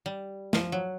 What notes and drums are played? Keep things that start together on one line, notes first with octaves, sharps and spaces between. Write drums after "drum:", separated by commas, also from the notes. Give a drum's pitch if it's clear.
G3
F3, drum: snare
F#3